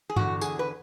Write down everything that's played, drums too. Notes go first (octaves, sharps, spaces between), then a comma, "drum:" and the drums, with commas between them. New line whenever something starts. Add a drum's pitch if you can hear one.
G#4
E2 D3 F#4, drum: tom G2
G#4, drum: tambourine
B4